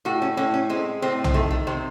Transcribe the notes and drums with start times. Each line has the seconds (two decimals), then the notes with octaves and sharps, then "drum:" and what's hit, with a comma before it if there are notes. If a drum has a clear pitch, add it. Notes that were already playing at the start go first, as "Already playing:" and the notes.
0.05 A2 F#4
0.22 C#4
0.37 A2 C#4
0.54 C#4
0.70 G#3 C4
1.02 A2 C4
1.24 C4, drum: tom B1
1.34 D#3 A3
1.51 A3
1.67 C3 C4